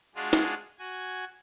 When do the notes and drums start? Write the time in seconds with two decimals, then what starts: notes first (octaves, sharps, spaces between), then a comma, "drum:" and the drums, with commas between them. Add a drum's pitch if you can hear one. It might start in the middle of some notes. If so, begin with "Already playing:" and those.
0.15 G#3 D4 F4 F#4 G#4
0.33 drum: snare
0.79 F#4 G#5